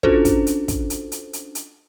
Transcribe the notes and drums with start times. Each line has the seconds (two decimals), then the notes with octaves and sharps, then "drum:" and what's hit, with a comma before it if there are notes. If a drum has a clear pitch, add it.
0.03 C#4 D4 F4 F#4 A4 C5, drum: kick
0.25 drum: kick, hi-hat
0.47 drum: hi-hat
0.68 drum: kick, hi-hat
0.90 drum: hi-hat
1.12 drum: hi-hat
1.33 drum: hi-hat
1.55 drum: hi-hat